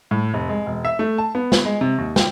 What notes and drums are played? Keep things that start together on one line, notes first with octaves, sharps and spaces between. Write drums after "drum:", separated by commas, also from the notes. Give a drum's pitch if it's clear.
A2
F1
G#3
E1
E5
A3
A5
B3
drum: snare
G#3
C3
D#2
G5, drum: snare